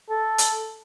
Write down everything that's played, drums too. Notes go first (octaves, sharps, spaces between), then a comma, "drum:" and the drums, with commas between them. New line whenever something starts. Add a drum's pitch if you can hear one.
A4
drum: hi-hat